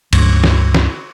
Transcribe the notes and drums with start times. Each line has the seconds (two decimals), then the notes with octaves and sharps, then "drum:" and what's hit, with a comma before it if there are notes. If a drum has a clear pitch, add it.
0.13 C#2 G2 F3, drum: cymbal
0.44 drum: snare
0.74 drum: snare